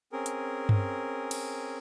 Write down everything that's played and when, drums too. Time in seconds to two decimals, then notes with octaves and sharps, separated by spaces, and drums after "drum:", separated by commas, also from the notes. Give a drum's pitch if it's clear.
0.13 C4 C#4 G#4 A#4
0.26 drum: hi-hat
0.69 drum: tom G2
1.31 drum: cymbal